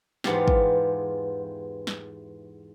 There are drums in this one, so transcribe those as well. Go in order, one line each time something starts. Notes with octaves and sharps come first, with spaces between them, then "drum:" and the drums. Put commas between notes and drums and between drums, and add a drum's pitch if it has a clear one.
E2 G#2 B3 F4 G4 F5, drum: snare
drum: kick
drum: snare